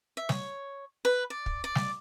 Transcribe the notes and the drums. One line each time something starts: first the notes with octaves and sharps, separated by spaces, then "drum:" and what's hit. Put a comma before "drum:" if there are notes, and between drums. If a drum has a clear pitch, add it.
E5
C#5, drum: snare
B4
D5
drum: kick
D5
drum: snare